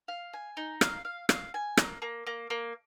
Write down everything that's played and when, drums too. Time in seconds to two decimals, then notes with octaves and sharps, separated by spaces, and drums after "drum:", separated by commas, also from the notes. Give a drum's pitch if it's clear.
0.08 F5
0.33 G#5
0.57 D#4
0.81 F5, drum: rim click
1.05 F5
1.29 F5, drum: rim click
1.54 G#5
1.77 A#3, drum: rim click
2.02 A#3
2.27 A#3
2.50 A#3